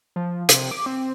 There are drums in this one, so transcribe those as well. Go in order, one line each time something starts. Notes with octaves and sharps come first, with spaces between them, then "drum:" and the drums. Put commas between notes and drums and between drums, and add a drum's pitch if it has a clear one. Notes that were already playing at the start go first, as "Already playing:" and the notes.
F3
C3, drum: hi-hat
D6
C4